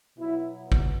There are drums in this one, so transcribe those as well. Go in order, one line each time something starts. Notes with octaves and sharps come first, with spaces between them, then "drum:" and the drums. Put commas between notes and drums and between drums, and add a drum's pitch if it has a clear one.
B2 F#3 B3 E4
drum: kick